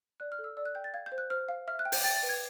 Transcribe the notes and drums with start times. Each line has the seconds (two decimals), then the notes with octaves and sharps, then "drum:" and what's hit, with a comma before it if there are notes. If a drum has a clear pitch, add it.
0.20 D5 F#6
0.32 F6
0.39 A4
0.44 E6
0.57 D5 E6
0.66 F#6
0.75 G5 G6
0.84 A6
0.94 F5 G#6
1.06 G6
1.12 C5
1.18 F#6
1.30 C5 F6
1.49 F5
1.68 E5 F6
1.79 F#6
1.85 G5
1.92 G6, drum: open hi-hat
2.04 G5 A6
2.16 A6
2.23 B4
2.29 G#6